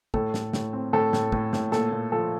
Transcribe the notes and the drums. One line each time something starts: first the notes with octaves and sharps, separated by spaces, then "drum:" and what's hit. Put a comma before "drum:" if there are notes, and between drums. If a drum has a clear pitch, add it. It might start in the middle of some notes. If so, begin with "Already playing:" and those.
A2 A4, drum: kick
A2, drum: snare
A2, drum: snare
C4
A2 A4
A2, drum: snare
A2, drum: kick
A2, drum: snare
A#2 A4, drum: snare
A#2
F3 A4